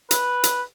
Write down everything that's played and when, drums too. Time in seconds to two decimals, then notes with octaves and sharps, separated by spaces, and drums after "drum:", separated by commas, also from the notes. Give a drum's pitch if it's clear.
0.11 B4, drum: hi-hat
0.44 drum: hi-hat